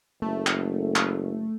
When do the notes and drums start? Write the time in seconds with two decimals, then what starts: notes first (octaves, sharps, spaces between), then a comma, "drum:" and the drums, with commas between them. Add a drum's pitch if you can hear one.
0.22 F#1 A3
0.47 drum: clap
0.96 drum: clap